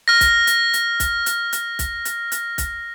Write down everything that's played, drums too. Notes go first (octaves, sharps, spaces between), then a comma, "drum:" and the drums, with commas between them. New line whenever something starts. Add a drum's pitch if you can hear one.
F6 A#6
drum: kick B1, hi-hat
drum: hi-hat
drum: hi-hat
drum: kick B1, hi-hat
drum: hi-hat
drum: hi-hat
drum: kick B1, hi-hat
drum: hi-hat
drum: hi-hat
drum: kick B1, hi-hat